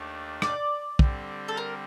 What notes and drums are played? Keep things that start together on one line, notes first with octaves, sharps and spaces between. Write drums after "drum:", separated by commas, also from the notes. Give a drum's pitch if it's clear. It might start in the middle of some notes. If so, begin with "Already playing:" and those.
Already playing: D#2 D#3 A3 D4
D5, drum: rim click
D3 G3 C4, drum: kick
A4
A#4